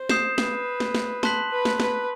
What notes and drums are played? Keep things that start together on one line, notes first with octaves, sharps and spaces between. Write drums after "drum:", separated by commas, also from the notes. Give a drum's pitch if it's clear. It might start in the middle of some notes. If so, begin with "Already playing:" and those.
Already playing: C5
D#6 G6 C7 E7, drum: snare
B4, drum: snare
drum: snare
drum: snare
A5 C6 F#6 B6 F#7, drum: snare
B4
drum: snare
B4, drum: snare